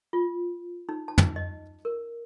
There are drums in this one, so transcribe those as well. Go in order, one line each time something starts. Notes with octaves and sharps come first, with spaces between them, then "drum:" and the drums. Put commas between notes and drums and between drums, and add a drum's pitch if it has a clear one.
F4
D#4
A5
drum: tom
D#5
A#4